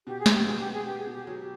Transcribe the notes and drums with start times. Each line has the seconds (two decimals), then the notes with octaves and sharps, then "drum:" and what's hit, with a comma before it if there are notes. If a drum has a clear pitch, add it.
0.06 B2 G4
0.19 G#4
0.26 B3, drum: snare
0.33 G4
0.45 B2 G#4
0.59 G4
0.66 B3
0.72 G#4
0.85 B3 G4
0.98 G#4
1.07 B2 G4
1.24 F#3 G#4
1.37 G4